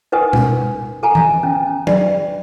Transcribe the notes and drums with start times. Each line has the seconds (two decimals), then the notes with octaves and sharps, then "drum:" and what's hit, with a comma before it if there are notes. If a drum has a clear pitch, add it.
0.12 D#4 A#4 B4 F#5 G#5 D#6
0.33 drum: tom
1.03 A4 G#5 A#5
1.15 drum: tom E3
1.43 C#4
1.87 D5, drum: tom